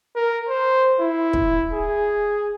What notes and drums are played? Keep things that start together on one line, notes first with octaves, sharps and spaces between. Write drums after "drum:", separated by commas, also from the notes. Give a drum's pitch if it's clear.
A#4
C5
E4
drum: kick
G#4